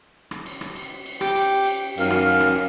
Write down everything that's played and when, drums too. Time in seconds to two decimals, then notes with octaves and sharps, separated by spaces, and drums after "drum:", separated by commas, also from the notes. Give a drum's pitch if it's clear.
0.31 drum: rim click
0.46 drum: cymbal
0.61 drum: rim click
0.76 drum: cymbal
1.06 drum: cymbal
1.21 G4, drum: rim click
1.36 drum: cymbal
1.66 drum: cymbal
1.98 F#2 D#3 F5, drum: cymbal
2.10 drum: rim click
2.40 drum: rim click